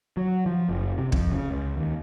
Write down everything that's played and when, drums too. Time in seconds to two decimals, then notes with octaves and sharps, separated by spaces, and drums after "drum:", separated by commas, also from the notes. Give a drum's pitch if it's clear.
0.17 F#3
0.46 F3
0.69 F#1
0.98 C3
1.12 F2, drum: kick
1.32 C#3
1.51 C#2
1.77 D#2